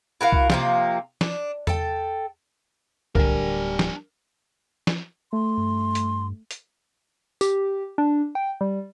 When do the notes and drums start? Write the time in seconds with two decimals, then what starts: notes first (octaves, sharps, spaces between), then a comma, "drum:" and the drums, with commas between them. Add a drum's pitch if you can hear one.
0.21 E4 F#4 A#4 F5
0.32 drum: kick C2
0.50 C3 F3 A#3, drum: snare
1.21 D4, drum: snare
1.67 A4 G5, drum: tom E2
3.15 D1 D3 G3 D4 A#4 G#5, drum: kick C2
3.79 drum: snare
4.87 drum: snare
5.33 A3 C6
5.58 G2
5.95 drum: hi-hat
6.51 drum: hi-hat
7.41 G4, drum: tambourine
7.98 D4
8.35 G5
8.61 G3